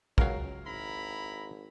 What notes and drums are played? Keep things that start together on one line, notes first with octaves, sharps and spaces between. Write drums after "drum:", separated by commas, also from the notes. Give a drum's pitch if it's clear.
C#2 F#3 C#4 A#4 F5, drum: kick
G#1 E4 A#5 B5